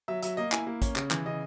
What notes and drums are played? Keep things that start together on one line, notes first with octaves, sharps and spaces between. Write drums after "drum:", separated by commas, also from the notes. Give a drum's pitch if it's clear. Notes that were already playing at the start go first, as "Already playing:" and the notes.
F#3 E5
F#3 E5, drum: hi-hat
A#3 D#5
E4 G#5, drum: clap
A#3
C#4, drum: kick, hi-hat
C#3, drum: clap
E3, drum: clap
C#3 D#5